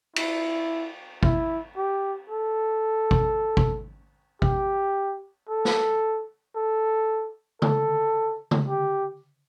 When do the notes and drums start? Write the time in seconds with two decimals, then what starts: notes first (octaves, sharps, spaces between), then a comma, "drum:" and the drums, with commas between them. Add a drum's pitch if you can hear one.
0.16 E4, drum: cymbal
1.23 E4, drum: kick G#1
1.77 G4
2.30 A4
3.11 drum: kick G#1
3.57 drum: kick G#1
4.42 G4, drum: kick G#1
5.49 A4
5.65 drum: snare
6.56 A4
7.62 A4, drum: tom C#3
8.51 drum: tom C#3
8.68 G4